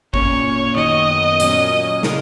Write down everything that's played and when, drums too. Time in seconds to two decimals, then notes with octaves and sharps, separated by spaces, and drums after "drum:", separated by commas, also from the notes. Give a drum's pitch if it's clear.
0.14 A#2 A#3 C#4 C#5, drum: kick
0.76 F#2 D#3 F#3 B3 D#5
1.40 A#2 F#3 A#3 C#4, drum: hi-hat
2.03 C#3 G#3 D#4 A#4, drum: snare